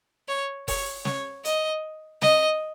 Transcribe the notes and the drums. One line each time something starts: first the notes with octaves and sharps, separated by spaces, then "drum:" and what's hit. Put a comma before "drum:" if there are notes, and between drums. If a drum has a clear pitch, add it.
C#5
C#5, drum: kick F1, open hi-hat
C#5, drum: snare
D#5, drum: hi-hat
D#5, drum: snare